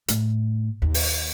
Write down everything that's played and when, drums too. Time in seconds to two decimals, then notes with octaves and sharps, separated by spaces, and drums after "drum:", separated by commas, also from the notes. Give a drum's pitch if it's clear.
0.08 A2, drum: hi-hat
0.82 D#2
0.94 drum: open hi-hat